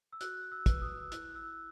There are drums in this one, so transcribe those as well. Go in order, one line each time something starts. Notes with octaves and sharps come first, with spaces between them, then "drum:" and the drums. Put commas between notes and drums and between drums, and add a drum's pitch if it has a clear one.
E6
F#4 F#6, drum: hi-hat
E6
B4, drum: kick, hi-hat
D#6
E6
E4 F#6, drum: hi-hat
E6